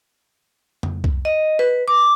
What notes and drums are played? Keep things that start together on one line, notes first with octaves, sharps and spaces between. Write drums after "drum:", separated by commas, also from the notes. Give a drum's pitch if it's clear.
drum: tom F2
drum: kick C2
D#5
B4
D6